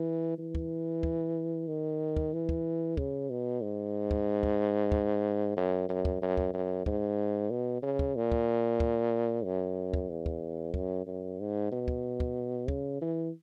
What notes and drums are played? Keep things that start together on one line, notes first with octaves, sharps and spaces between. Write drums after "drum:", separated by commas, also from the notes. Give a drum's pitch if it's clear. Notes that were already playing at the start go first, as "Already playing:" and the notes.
Already playing: E3
E3
drum: kick
drum: kick
D#3
drum: kick
E3
drum: kick
C#3, drum: kick
B2
G#2
drum: kick
drum: kick
drum: kick
F#2
F#2
drum: kick
F#2
drum: kick
F#2
G#2, drum: kick
B2
C#3
drum: kick
A#2
drum: kick
drum: kick
F#2
drum: kick
E2
drum: kick
F#2, drum: kick
F#2
G#2
B2
drum: kick
drum: kick
C#3, drum: kick
E3